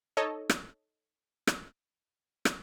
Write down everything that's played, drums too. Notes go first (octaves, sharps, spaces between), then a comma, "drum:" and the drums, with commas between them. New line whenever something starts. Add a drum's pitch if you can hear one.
D#4 A4 C#5 D#5
drum: rim click
drum: rim click
drum: rim click